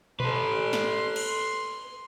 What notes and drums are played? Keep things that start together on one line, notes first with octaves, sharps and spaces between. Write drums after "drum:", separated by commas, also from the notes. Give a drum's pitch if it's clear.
A4 B4 C6, drum: tom A#2
drum: snare
drum: cymbal